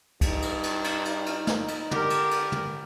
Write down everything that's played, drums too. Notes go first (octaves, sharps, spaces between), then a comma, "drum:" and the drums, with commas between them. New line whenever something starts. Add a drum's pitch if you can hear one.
G2 D#4, drum: kick, cymbal
drum: cymbal
drum: cymbal
drum: cymbal
drum: cymbal
drum: cymbal
drum: snare
drum: cymbal
D3 G4 A#4, drum: tom
drum: cymbal
drum: cymbal
drum: tom